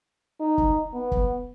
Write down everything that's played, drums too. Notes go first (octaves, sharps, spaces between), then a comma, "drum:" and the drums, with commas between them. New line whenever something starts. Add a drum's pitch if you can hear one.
D#4
drum: kick
B3
drum: kick